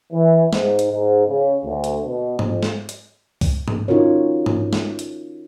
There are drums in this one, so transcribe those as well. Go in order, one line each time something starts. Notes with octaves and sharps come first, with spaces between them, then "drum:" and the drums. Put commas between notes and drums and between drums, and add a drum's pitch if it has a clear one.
E3
G#2, drum: snare
drum: hi-hat
G#2
C#3
D2
drum: hi-hat
B2
F2, drum: tom G#2
drum: snare
drum: hi-hat
drum: kick C2, open hi-hat
drum: tom G#2
C#4 D#4 F4 F#4 A#4 C#5
drum: tom G#2
drum: snare
drum: hi-hat